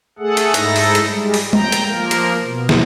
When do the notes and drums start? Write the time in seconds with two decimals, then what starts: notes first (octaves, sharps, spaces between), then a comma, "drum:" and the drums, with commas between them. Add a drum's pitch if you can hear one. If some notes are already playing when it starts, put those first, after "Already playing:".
0.19 A3 G#4 A4 F#5
0.37 drum: hi-hat
0.54 G#2 D#4 E4 A4 A#6, drum: hi-hat
0.76 drum: open hi-hat
0.95 drum: hi-hat
1.06 G3 G#3
1.34 drum: open hi-hat
1.53 G5 A#5, drum: tom G#3
1.72 drum: hi-hat
1.87 F3 A#3 A#4
2.11 drum: hi-hat
2.42 B2
2.69 drum: snare